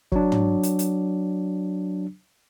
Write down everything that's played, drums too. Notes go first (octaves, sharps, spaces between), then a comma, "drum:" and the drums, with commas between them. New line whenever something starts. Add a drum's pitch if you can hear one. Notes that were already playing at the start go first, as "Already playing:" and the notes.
F#3 D4, drum: kick
drum: tom
drum: hi-hat
drum: hi-hat